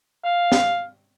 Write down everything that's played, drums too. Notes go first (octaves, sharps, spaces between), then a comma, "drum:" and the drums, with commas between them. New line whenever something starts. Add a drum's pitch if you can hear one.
F5
drum: snare